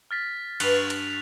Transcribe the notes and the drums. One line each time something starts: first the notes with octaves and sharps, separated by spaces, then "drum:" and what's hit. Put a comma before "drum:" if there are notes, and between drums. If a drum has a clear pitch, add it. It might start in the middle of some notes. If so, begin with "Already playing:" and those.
F6 A6 B6
G2 B5 F#6 F7 F#7, drum: cymbal
drum: cymbal